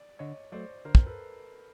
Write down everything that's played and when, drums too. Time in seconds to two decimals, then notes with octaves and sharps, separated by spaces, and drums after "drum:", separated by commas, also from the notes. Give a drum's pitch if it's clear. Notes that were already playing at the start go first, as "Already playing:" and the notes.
Already playing: D5
0.19 D3 C#5 D#5
0.52 F#3 A3 C5 D5
0.85 D3 A#4 C5
0.95 drum: kick
1.06 A4 B4